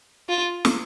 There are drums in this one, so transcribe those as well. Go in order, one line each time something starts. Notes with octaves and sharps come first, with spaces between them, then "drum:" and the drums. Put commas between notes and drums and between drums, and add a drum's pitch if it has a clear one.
F4
drum: snare